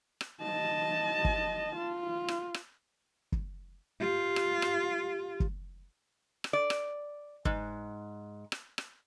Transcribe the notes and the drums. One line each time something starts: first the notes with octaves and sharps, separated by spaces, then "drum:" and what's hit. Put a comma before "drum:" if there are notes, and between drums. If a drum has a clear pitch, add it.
drum: rim click
D#5 A5
drum: kick
F4
drum: rim click
drum: rim click
drum: kick
F4 G4
drum: rim click
drum: rim click
drum: kick
drum: rim click
D5
drum: rim click
G#2, drum: kick
drum: rim click
drum: rim click